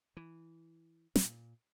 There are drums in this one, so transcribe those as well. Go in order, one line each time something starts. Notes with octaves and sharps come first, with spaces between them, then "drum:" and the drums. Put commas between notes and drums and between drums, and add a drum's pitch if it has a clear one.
E3
A#2, drum: snare